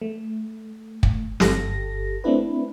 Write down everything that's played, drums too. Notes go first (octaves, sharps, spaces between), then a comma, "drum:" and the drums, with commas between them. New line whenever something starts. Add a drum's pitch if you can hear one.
A3
drum: kick
G1 G4 A4 A#6, drum: snare
A3 C4 D4 E4 B4